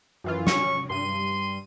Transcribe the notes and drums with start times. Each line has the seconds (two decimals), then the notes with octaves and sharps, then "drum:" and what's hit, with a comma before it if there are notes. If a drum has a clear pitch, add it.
0.24 F#2 E3 F4
0.47 C#4 C#6, drum: snare
0.90 G2 C6 D#7